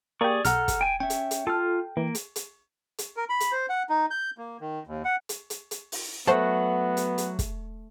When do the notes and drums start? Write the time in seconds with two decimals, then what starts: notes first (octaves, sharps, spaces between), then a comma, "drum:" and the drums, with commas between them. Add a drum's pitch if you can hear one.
0.21 A#3 G4 G#4 D5 C#6
0.45 B1 A4 F#5 A#5 F6, drum: hi-hat
0.68 drum: kick, hi-hat
0.81 G5 G#5
1.00 C#4 E5 G5
1.10 drum: hi-hat
1.31 drum: hi-hat
1.47 F4 A4 F6
1.97 E3 A#3
2.15 drum: hi-hat
2.36 drum: hi-hat
2.98 drum: hi-hat
3.17 A#4
3.30 B5
3.40 drum: hi-hat
3.52 C5
3.69 F#5
3.89 D#4
4.11 G6
4.38 A#3
4.61 D#3
4.87 D#2
5.05 F#5
5.29 drum: hi-hat
5.50 drum: hi-hat
5.71 drum: hi-hat
5.92 drum: open hi-hat
6.27 F#3 A3 B3 F#4 C5 F#5 A5
6.97 drum: hi-hat
7.18 drum: hi-hat
7.39 drum: kick, hi-hat